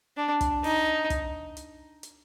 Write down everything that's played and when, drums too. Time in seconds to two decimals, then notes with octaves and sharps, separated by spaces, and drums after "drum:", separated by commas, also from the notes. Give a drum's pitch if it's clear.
0.17 D4
0.41 drum: kick, hi-hat
0.64 D#4, drum: open hi-hat
1.10 drum: kick, hi-hat
1.57 drum: hi-hat
2.03 drum: hi-hat